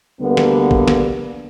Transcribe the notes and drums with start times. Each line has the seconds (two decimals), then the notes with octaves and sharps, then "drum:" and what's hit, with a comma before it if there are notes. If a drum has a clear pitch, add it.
0.20 D2 D3 G3 A#3 B3
0.37 drum: snare
0.71 drum: kick
0.88 drum: snare